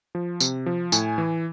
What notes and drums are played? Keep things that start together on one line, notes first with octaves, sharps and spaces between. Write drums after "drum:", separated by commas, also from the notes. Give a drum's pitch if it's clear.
F3
C3, drum: tambourine
F3
A2 G#5, drum: tambourine
E3